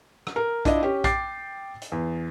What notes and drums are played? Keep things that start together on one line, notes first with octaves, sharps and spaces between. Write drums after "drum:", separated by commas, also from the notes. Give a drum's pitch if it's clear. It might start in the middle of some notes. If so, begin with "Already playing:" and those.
drum: rim click
A#4
D4 E4 F4 D#5, drum: kick A#1, hi-hat
C#4 G4
G5 D6 A6 C7, drum: kick A#1, hi-hat
drum: hi-hat
E2